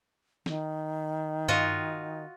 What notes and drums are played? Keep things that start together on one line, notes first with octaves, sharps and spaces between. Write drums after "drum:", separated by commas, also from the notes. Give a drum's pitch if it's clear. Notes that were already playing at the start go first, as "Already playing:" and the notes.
D#3, drum: snare
F4 F#4 D#5, drum: tom G2